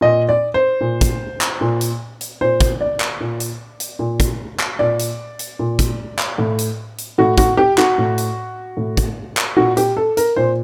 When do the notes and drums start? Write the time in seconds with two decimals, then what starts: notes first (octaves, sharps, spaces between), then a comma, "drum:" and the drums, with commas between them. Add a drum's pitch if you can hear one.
0.01 A#2 D#5
0.29 D5
0.54 C5
0.81 A#2
1.01 drum: kick, hi-hat
1.41 drum: clap
1.61 A#2
1.81 drum: hi-hat
2.21 drum: hi-hat
2.41 A#2 C5
2.60 drum: kick, hi-hat
2.81 D5
3.00 drum: clap
3.21 A#2
3.40 drum: hi-hat
3.80 drum: hi-hat
3.99 A#2
4.20 drum: kick, hi-hat
4.60 drum: clap
4.79 A#2 D5
4.99 drum: hi-hat
5.39 drum: hi-hat
5.59 A#2
5.79 drum: kick, hi-hat
6.19 drum: clap
6.38 A2
6.59 drum: hi-hat
6.98 drum: hi-hat
7.18 A2 F#4
7.38 F#4, drum: kick, hi-hat
7.57 G4
7.78 F#4, drum: clap
7.98 A2
8.18 drum: hi-hat
8.77 A2
8.97 drum: kick, hi-hat
9.37 drum: clap
9.56 A#2 F#4
9.77 G4, drum: hi-hat
9.97 A4
10.17 A#4, drum: hi-hat
10.36 A#2 C5